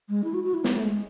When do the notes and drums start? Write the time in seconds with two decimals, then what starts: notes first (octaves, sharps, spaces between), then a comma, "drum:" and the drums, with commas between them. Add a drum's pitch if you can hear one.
0.09 G#3
0.24 E4
0.34 F#4
0.44 F#4
0.54 E4
0.64 B3, drum: snare
0.74 A3
0.84 G#3